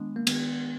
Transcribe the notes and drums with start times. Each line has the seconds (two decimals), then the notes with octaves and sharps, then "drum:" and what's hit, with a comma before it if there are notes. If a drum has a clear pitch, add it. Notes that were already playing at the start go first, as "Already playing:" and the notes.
Already playing: D#3 G#3 B3 D4
0.16 A#3
0.27 D#3 B3, drum: cymbal